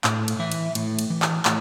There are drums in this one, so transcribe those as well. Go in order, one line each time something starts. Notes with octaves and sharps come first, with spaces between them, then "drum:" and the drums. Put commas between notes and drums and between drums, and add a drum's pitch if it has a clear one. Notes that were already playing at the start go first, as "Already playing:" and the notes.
A2, drum: clap
drum: cymbal
E3 E5
drum: cymbal
A2, drum: cymbal
drum: cymbal
E3
drum: clap
A2, drum: clap